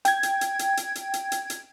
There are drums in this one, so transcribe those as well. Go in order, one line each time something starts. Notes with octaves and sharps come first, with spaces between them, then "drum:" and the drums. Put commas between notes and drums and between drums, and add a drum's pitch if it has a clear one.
G5 G#6, drum: hi-hat
drum: hi-hat
drum: hi-hat
drum: hi-hat
drum: hi-hat
drum: hi-hat
drum: hi-hat
drum: hi-hat
drum: hi-hat